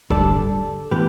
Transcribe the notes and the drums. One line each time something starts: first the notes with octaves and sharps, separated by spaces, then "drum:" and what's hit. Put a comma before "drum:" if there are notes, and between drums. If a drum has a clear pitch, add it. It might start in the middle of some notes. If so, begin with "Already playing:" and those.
G2 D3 G3 A4 D5, drum: kick E1
A2 E3 B3 G4 B4